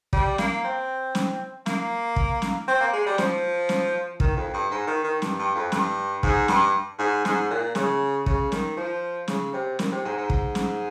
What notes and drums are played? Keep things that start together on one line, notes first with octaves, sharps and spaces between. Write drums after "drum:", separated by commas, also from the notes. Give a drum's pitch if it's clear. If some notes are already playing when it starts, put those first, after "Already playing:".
G3, drum: kick
A#3, drum: snare
C4
drum: snare
A#3, drum: snare
drum: kick
drum: snare
C4
A#3
G#3
G3
F3, drum: snare
drum: snare
D#3, drum: kick
F2
G2
G#2
D#3
D#3
G2, drum: snare
G2
F2
G2, drum: snare
G#2, drum: kick
G2, drum: snare
G#2
G#2, drum: snare
A#2
C#3, drum: snare
C#3, drum: kick
D#3, drum: snare
F3
C#3, drum: snare
C3
A#2, drum: snare
C3
G#2
G#2
drum: kick
drum: snare